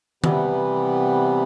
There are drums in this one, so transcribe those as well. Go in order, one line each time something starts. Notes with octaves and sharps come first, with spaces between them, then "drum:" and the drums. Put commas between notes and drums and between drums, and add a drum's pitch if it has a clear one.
C3 E3 G3 B3, drum: tom D#3